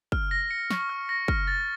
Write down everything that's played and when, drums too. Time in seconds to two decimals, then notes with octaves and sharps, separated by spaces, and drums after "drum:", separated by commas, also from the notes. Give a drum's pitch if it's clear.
0.12 F6, drum: kick
0.31 A#6
0.51 C#7
0.70 C#6, drum: snare
0.89 F6
1.09 A#6
1.28 F6, drum: kick
1.47 A6